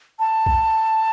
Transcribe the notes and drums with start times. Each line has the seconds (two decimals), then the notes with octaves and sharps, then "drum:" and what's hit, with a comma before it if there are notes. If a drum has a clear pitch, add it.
0.19 A5
0.46 drum: kick B1